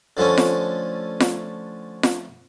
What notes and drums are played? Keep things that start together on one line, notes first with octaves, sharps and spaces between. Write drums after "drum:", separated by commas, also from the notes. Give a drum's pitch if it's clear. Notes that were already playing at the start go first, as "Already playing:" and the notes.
D3 F3 A3 C#4
drum: snare F4
drum: snare F4
drum: snare F4